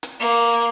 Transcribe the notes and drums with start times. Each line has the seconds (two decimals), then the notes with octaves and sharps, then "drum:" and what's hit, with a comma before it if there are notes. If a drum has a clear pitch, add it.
0.03 drum: hi-hat
0.20 A#3